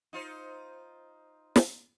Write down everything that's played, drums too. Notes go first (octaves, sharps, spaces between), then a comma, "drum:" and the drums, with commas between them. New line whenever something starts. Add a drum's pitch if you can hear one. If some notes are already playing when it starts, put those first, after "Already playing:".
D#4 F4 C5
drum: snare